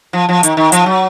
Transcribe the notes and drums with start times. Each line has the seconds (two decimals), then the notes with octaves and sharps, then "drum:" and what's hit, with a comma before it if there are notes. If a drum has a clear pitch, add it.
0.13 F3
0.29 F3
0.43 D#3, drum: hi-hat
0.57 D#3
0.72 F3, drum: hi-hat
0.86 F#3